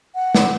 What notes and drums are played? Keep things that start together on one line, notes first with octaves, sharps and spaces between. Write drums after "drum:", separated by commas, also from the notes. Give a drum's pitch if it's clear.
F#5
drum: snare